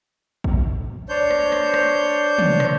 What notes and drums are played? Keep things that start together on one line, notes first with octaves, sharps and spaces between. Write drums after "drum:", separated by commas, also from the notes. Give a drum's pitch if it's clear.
drum: kick A1
D4 C5 C#5 G6
drum: rim click
drum: rim click
drum: rim click
drum: tom
drum: rim click